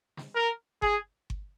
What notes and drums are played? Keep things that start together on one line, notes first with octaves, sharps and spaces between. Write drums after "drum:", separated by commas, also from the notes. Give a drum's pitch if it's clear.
drum: snare
A#4
G#4, drum: kick G1
drum: kick G1